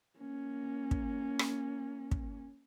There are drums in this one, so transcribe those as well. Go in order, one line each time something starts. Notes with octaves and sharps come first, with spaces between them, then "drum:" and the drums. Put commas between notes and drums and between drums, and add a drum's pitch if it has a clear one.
A#3 C#4
drum: kick
drum: rim click
drum: kick